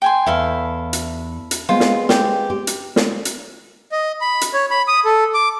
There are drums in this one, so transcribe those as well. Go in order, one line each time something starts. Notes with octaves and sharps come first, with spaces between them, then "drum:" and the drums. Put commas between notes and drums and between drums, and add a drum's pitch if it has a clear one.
G5 G#5 C6
E2 E4 A4 F5
drum: hi-hat
drum: hi-hat
G#3 B3 C4 F4
drum: snare
G4, drum: snare
G4
drum: hi-hat
drum: snare
drum: hi-hat
D#5
B5
drum: hi-hat
C#5
B5
D#6
A4
D6